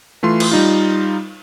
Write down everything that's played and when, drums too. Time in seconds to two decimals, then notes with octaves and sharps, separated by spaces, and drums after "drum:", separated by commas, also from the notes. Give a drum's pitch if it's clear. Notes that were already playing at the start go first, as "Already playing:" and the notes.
0.23 E3 A3 F4 C6
0.40 drum: cymbal
0.52 G3 D#4 F4